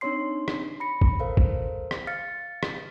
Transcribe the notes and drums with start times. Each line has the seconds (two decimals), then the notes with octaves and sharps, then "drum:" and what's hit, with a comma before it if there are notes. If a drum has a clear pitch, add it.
0.01 C4 D4 D#4 C#5 C6 C7
0.48 drum: rim click
0.80 B5 A#6 C#7
1.01 drum: kick
1.19 A4 A#4 C5 F5
1.37 drum: kick
1.91 drum: rim click
2.07 F5 F6 A6 C#7
2.63 drum: rim click